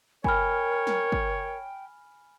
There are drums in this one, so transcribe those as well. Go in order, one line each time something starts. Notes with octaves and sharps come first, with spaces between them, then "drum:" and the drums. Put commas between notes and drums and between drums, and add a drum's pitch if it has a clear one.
A#4 C#5 G5 G#5 B5 F6, drum: kick G1
drum: snare
drum: kick G1